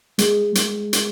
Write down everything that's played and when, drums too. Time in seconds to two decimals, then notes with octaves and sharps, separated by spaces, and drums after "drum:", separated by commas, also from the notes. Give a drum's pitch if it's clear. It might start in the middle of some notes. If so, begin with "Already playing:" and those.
0.18 G#3, drum: hi-hat
0.55 G#3, drum: hi-hat
0.93 drum: hi-hat